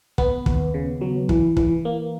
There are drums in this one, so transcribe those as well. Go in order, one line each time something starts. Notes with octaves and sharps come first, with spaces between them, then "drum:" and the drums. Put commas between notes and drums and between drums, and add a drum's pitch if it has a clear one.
B3, drum: kick
D#2, drum: kick
C#3
F#3
E3, drum: kick
E3, drum: kick
A#3